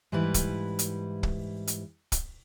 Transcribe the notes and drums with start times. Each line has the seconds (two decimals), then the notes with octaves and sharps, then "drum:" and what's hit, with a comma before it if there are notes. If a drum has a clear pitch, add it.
0.12 G#2 E3 G3 E4 B4
0.34 drum: kick, hi-hat
0.79 drum: hi-hat
1.23 drum: kick
1.67 drum: hi-hat
2.12 drum: kick, hi-hat